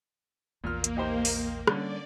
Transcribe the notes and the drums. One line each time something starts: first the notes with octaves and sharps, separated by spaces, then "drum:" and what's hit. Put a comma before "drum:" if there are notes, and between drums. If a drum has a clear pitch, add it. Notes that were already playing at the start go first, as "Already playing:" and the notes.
A#1 E2 A#2 A#3 F6
drum: hi-hat
D#4 G4 C5
drum: open hi-hat
D3 G3 C#4 D5, drum: rim click